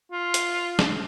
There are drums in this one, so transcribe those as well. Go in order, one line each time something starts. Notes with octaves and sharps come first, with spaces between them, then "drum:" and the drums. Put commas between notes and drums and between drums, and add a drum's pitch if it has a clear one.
F4
drum: hi-hat
drum: snare